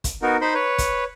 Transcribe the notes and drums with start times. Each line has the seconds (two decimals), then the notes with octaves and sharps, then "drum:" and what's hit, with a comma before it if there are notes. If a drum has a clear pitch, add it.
0.04 drum: kick, hi-hat
0.22 B3 D#4 F#4 A#4
0.41 D#4 C5 B5 C6
0.54 B4 C#5
0.78 drum: kick, hi-hat